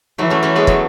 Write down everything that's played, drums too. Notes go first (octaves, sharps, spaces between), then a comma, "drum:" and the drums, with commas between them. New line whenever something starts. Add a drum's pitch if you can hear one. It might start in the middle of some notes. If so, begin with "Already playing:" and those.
E3 F#3 A3
A3 C#4
A3 C#4
G#3 B3
F#3 A3, drum: kick